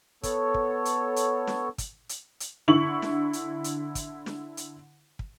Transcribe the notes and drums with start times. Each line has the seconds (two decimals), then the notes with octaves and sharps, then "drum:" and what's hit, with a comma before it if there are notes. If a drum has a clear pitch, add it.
0.23 B3 A4 C#5, drum: kick, hi-hat
0.54 drum: kick
0.85 drum: hi-hat
1.16 drum: hi-hat
1.47 drum: snare
1.78 drum: kick, hi-hat
2.09 drum: hi-hat
2.40 drum: hi-hat
2.68 D3 E4 C#6 F#7
3.02 drum: snare
3.33 drum: hi-hat
3.64 drum: hi-hat
3.95 drum: kick, hi-hat
4.26 drum: snare
4.57 drum: hi-hat
5.19 drum: kick